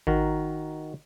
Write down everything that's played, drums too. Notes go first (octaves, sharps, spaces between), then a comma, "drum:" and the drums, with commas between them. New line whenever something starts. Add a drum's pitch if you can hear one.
D#3 F#4 A#4, drum: kick G#1